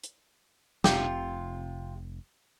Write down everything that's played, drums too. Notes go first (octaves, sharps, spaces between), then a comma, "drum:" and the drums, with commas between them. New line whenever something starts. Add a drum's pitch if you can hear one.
drum: hi-hat
F1 C3 F4 G4, drum: snare